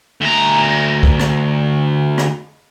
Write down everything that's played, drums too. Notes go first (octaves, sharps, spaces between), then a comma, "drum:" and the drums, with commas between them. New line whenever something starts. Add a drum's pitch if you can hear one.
D2 A#5
drum: kick C2
drum: rim click
drum: rim click